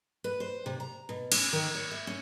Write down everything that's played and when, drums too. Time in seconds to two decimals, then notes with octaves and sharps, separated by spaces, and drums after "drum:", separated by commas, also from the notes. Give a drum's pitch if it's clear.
0.24 B4
0.40 C5
0.66 C3
0.80 A#5
1.09 B2
1.32 C#4, drum: cymbal
1.53 D#3
1.75 C#5
1.91 E5
2.07 C#4